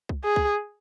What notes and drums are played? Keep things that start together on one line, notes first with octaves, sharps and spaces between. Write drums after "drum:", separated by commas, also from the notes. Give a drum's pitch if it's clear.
drum: kick C2
G#4
drum: kick C2